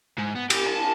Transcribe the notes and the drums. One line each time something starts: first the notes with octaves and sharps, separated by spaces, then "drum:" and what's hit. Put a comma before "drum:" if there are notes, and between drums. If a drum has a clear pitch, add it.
G#2
B3
G4, drum: cymbal
A5